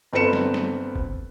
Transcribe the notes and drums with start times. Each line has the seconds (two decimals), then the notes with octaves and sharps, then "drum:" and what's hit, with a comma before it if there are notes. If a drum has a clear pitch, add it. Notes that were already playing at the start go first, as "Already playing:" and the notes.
0.13 G1 C4 A4 B4 C#7 E7
0.33 drum: snare
0.54 drum: snare
0.96 drum: kick